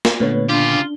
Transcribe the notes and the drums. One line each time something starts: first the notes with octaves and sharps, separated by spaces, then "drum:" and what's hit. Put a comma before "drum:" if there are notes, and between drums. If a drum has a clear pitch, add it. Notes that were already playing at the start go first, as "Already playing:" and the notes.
drum: snare
A#2 D3 A3 B3 B4 C#5
C#3 D4 F4 G4